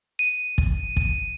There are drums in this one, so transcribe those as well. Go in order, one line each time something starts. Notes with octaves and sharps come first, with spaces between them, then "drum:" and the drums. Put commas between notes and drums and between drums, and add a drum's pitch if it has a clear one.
D#7
drum: kick
drum: kick